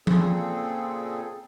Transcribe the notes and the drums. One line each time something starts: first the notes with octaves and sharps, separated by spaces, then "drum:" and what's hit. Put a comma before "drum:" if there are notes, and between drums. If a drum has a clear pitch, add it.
A#2 C#3 C4 G#4 A4, drum: tom F3